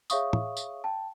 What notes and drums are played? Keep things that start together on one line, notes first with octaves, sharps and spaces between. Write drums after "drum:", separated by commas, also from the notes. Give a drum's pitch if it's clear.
G#4 C#5 E5 F5 C#6 D#6, drum: tambourine
drum: tom
drum: tambourine
G5 A5